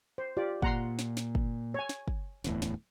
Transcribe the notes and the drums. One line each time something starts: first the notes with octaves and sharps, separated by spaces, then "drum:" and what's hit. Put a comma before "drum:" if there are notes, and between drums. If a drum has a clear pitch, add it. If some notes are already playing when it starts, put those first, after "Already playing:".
C5
F4 G4 D5
A#2 F#5 A#5 C6, drum: kick
drum: snare
drum: snare
drum: kick
C#5 G#5
drum: snare
drum: kick
D1 E2 A2, drum: snare
drum: snare